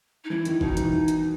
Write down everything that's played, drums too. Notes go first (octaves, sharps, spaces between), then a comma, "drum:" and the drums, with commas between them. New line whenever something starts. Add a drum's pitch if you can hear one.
D#4
E3 E4
D#3, drum: hi-hat
B2 D#4, drum: kick
E3, drum: hi-hat
drum: hi-hat